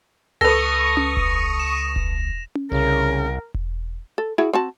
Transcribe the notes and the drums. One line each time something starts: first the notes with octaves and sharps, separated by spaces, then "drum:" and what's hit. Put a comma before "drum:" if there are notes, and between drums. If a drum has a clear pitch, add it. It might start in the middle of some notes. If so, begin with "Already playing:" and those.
C#2 A4 B4 C#6 D#6 A#6 F7
drum: tom C#4
drum: kick E1
E7
drum: kick E1
drum: tom C#4
C2 C#3 A#4
drum: kick E1
A4
E4 F#4 G#4
C4 F#4 A5